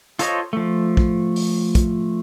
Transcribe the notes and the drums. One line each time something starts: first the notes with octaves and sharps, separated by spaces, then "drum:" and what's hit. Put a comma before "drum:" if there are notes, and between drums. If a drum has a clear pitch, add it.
F4 A4 C5 C#5 D#5, drum: hi-hat
F3 A3
drum: kick
drum: open hi-hat
drum: kick, hi-hat